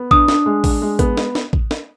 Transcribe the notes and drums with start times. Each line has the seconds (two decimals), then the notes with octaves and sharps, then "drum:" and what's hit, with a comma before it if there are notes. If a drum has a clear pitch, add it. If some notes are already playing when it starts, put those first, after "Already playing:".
Already playing: B3
0.11 D4 D#6, drum: kick A1
0.28 D4, drum: snare
0.46 G#3
0.64 D4, drum: kick A1, open hi-hat
0.82 G#3
0.99 B3, drum: kick A1, hi-hat
1.17 drum: snare
1.35 drum: snare
1.53 drum: kick A1
1.71 drum: snare